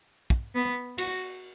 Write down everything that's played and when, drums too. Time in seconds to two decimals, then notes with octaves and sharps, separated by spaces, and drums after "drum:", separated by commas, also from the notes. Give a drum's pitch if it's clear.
0.30 drum: kick
0.55 B3
0.98 F#4, drum: cymbal